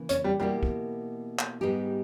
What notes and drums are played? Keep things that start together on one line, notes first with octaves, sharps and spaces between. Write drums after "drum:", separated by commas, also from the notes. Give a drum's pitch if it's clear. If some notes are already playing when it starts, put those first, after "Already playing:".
Already playing: C#3 E3 A#3
C#4, drum: hi-hat
G3
B2 G3 A#3 E4 G4
drum: kick
drum: clap
G#2 G3 B3 D#4 G4